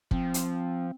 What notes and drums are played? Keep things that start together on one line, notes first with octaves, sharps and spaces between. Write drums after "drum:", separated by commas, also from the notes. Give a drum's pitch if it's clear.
F3 C4, drum: kick
drum: hi-hat